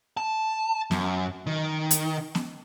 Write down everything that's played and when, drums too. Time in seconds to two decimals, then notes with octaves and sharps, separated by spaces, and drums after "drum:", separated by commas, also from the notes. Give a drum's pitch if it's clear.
0.17 A5
0.91 F#2, drum: snare B3
1.47 D#3
1.91 drum: hi-hat
2.35 drum: snare B3